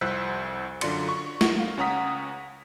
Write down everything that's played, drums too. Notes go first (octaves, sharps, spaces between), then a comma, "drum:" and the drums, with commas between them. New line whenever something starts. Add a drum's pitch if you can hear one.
C2 F2 C5 E6 F#6 B6
F#2 D3 F4 D5 C6 C#7, drum: cymbal
C#6
drum: snare
F5
C#2 C#4 F#5 A#5 D#6 B6